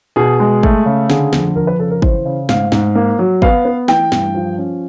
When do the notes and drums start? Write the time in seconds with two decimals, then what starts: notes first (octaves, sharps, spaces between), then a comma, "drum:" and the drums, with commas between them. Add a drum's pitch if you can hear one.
0.16 B2 G#4
0.40 G#3
0.63 A3, drum: kick
0.86 C#3
1.10 D3 G#4, drum: snare
1.33 F2, drum: snare
1.56 F2 A#4
1.67 B4
1.79 C#3 A4
1.90 A#4
2.02 E3 C5, drum: kick
2.25 C#3
2.49 G#2 F5, drum: snare
2.72 G#2, drum: snare
2.95 A#3
3.19 F#3
3.42 B3 F5, drum: kick
3.65 B3
3.88 E3 G5, drum: snare
4.12 G2, drum: snare
4.35 F3
4.58 C#4